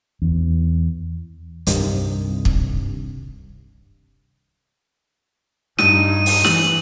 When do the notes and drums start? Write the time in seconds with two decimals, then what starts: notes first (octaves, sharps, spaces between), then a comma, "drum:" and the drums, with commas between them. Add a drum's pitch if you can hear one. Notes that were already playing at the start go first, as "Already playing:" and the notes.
0.22 E2
1.67 C2 G2 C3 D#3, drum: hi-hat
2.45 drum: kick
5.79 G2 D#4 D#7, drum: snare
6.26 drum: open hi-hat
6.44 E3 F#7, drum: snare